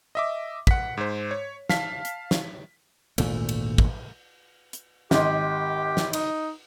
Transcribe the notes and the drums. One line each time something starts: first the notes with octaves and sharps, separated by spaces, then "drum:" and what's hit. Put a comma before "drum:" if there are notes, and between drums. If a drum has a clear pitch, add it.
D#5 E5 D6
F#5 B6, drum: kick
G#2 C5
C#5
F5 A5 B6, drum: snare
drum: hi-hat
drum: snare
G#1 D2 A#2 A3, drum: cymbal
drum: cymbal
drum: kick
drum: hi-hat
G#1 G4 D#5 C6, drum: snare
drum: snare
D#4, drum: cymbal